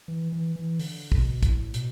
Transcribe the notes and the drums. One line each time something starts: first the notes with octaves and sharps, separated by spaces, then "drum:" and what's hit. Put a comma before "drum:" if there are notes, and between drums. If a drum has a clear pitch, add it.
E3
E3
E3
D3, drum: open hi-hat
B2, drum: kick
A2, drum: kick, hi-hat
B2, drum: hi-hat